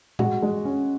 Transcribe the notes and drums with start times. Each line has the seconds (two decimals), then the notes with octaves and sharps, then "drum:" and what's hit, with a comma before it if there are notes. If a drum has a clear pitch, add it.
0.19 G#3 F#4 F#5, drum: tom A2
0.42 G#3
0.65 C#4